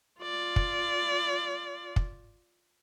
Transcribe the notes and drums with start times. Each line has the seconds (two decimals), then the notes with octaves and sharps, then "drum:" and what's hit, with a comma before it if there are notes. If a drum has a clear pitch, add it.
0.21 F4 D5
0.56 drum: kick
1.96 drum: kick